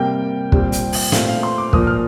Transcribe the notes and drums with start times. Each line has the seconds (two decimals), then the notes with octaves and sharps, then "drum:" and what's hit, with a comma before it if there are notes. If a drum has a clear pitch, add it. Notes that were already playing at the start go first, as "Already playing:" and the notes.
Already playing: C3 G3 A#3 G5
0.52 A#2 G3 C4, drum: kick
0.72 drum: hi-hat
0.92 drum: open hi-hat
1.12 A#2 A3 C4 F5, drum: snare
1.28 F5
1.43 C6
1.58 D6
1.73 A#2 F3 A#3 D#6, drum: kick
1.87 F6